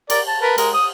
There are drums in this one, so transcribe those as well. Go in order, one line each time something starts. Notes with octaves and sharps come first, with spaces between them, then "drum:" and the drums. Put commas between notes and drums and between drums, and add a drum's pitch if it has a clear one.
A#4 D5, drum: cymbal
A5
A#4 B4 A5
G#3 A#4, drum: cymbal
D#6